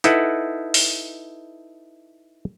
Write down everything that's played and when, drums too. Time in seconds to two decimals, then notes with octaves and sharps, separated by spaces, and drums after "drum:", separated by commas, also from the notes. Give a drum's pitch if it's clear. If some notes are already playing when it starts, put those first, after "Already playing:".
0.04 D#4 E4 A4 B4 F#5, drum: hi-hat
0.74 drum: open hi-hat